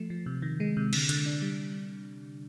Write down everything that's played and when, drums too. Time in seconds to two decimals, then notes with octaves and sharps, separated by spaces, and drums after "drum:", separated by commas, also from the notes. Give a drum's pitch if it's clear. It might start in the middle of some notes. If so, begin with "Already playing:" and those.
Already playing: F3 A3
0.10 F3
0.26 C3
0.42 D#3
0.60 G#3
0.77 C3
0.93 D3, drum: cymbal
1.09 D3, drum: hi-hat
1.26 D4
1.42 G3